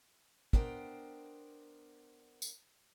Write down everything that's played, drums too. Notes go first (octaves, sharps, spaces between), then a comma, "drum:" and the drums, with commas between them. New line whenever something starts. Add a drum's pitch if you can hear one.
B3 D4 A#4 C5 G5, drum: kick
drum: tambourine